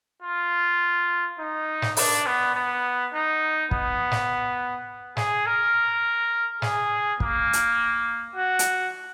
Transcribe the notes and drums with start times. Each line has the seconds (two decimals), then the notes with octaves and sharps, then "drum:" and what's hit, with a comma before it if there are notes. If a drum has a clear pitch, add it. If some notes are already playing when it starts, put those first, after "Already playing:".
0.22 F4
1.39 D#4
1.82 drum: snare
1.97 D4, drum: open hi-hat
2.26 B3
2.55 B3
3.14 D#4
3.71 B3, drum: kick
4.11 drum: snare
5.17 G#4, drum: snare
5.46 A#4
6.62 G#4, drum: snare
7.20 A#3, drum: kick
7.53 drum: hi-hat
8.36 F#4
8.59 drum: hi-hat